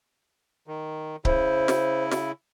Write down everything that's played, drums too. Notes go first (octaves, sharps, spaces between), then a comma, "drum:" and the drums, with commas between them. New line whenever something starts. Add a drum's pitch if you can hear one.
D#3
C#3 E4 C5, drum: kick C#1
drum: snare
drum: snare